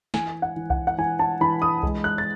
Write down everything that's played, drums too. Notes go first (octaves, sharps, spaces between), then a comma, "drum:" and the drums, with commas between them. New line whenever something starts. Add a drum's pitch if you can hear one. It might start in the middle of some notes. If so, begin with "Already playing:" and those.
E3 G#5, drum: snare
F#5
E3
F#5, drum: kick C2
F#5
E3 G#5
A5
E3 B5
D#6
G#3, drum: kick C2
F#6
A6